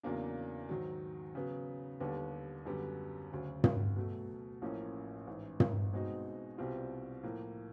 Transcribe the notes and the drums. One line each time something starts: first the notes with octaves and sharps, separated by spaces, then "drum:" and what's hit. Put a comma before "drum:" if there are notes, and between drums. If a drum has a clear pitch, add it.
E2 C#3 F#3 A#3 D4
G#2 D#3 F#3
C#3 F#3 B3
D#2 D3 G3 B3
F#2 D3 G3 B3
D2 C#3 F#3
drum: tom
B2 F#3 A3
A1 A2 F3 A#3 C#4
A1 G#2 E3
drum: tom
B2 G#3 C4 D#4 F#4
C2 B2 G3 C4 F4
A2 F3 A#3